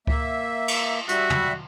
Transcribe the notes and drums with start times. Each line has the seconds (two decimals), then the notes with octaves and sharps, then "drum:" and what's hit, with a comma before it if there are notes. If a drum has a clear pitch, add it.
0.07 A#3 E5, drum: kick C#2
0.68 drum: cymbal
1.09 G3 F#4 E5, drum: hi-hat
1.30 drum: tom